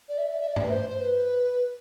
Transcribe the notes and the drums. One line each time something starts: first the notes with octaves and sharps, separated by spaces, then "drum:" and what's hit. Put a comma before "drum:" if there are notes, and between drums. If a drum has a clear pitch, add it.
D5
E5
D5
E5
D5
E5, drum: tom G2
B4
C5
C5
B4